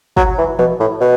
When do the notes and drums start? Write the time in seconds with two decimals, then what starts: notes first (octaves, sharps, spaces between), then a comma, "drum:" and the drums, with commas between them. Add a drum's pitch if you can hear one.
0.17 F#3, drum: kick
0.38 E3
0.59 B2, drum: tom E3
0.80 A2
1.00 B2